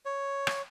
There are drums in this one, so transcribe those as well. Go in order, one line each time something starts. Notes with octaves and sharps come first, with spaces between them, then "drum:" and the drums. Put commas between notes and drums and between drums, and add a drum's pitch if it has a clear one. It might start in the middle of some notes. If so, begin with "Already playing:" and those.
C#5
drum: rim click